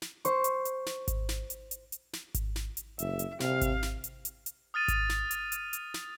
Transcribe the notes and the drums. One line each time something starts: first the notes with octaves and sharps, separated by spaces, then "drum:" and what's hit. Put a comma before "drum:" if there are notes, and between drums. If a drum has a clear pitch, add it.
drum: snare
C5 C#6, drum: hi-hat
drum: hi-hat
drum: hi-hat
drum: snare
drum: kick G#1, hi-hat
drum: snare
drum: hi-hat
drum: hi-hat
drum: hi-hat
drum: snare
drum: kick G#1, hi-hat
drum: snare
drum: hi-hat
F#1 E5, drum: hi-hat
drum: hi-hat
C3 F5, drum: snare
drum: kick G#1, hi-hat
drum: snare
drum: hi-hat
drum: hi-hat
drum: hi-hat
D#6 F6 A6 D#7
drum: kick G#1, hi-hat
drum: snare
drum: hi-hat
drum: hi-hat
drum: hi-hat
drum: snare